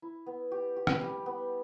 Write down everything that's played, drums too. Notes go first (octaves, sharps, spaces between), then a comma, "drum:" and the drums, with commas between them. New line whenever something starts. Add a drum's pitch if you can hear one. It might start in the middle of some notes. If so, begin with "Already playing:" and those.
E4
B3
G4
G4
drum: rim click
G3
B3